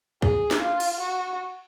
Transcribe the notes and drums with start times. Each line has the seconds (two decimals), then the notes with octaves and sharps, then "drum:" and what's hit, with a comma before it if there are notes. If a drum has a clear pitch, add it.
0.22 G#4, drum: kick
0.51 drum: snare
0.61 F4
0.80 drum: cymbal
1.00 F#4